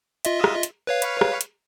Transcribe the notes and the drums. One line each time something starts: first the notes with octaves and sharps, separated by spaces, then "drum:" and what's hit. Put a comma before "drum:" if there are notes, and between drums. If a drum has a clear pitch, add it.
F4 D#5 E5, drum: hi-hat
drum: rim click
drum: hi-hat
B4 C#5 F5
drum: hi-hat
drum: rim click
drum: hi-hat